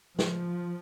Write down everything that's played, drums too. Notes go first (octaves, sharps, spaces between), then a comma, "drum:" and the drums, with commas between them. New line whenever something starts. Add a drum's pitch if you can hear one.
F3, drum: snare